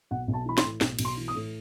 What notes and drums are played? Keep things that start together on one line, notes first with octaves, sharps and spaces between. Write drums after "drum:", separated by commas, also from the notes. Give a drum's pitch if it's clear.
B1 F#5
B1
A5
E3 B5
C6, drum: snare
A2
B1, drum: snare
B1, drum: cymbal
C6
E3
D#6
A2